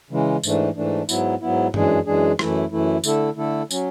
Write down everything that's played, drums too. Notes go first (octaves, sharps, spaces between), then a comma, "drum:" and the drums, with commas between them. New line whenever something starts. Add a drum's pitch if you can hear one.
C#3 E3 G#3
G#2 E3 A3 D4, drum: tambourine
G#2 E3 A3 D4
G#2 F#3 B3 E4, drum: tambourine
G#2 F#3 B3 E4
F#2 E3 G#3 D4 G#4, drum: tom G2
F#2 E3 G#3 D4 G#4
F#2 E3 A3 E4, drum: rim click
F#2 E3 A3 E4
D3 A3 E4 A4, drum: tambourine
D3 A3 E4 A4
F#3 C#4, drum: tambourine